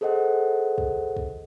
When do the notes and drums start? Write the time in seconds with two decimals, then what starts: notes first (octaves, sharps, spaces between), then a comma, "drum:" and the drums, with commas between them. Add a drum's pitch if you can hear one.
0.01 G#4 A4 C5 D#5 F#5
0.78 drum: kick
1.17 drum: kick